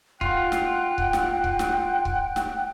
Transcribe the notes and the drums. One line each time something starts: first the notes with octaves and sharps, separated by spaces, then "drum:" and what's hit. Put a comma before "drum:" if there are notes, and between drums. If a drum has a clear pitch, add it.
F4 F#5 G5 F#6, drum: kick C#1
drum: snare
drum: kick C#1
drum: snare
drum: kick C#1
drum: snare
drum: kick C#1
drum: snare